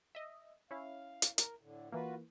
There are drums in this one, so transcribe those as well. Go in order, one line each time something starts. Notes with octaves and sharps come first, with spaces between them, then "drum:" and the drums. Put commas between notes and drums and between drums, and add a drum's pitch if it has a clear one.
D#5 E5
C#4 E4 F5
drum: hi-hat
A#4, drum: hi-hat
A2 D3
E3 A#3 F4 F#4 B4